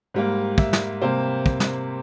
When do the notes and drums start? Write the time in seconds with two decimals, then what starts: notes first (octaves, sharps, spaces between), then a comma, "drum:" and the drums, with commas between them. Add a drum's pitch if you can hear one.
0.14 G#2 G3 A#3
0.58 E5, drum: kick
0.73 drum: snare
1.02 C3 G3 A#3 C5
1.46 drum: kick
1.60 drum: snare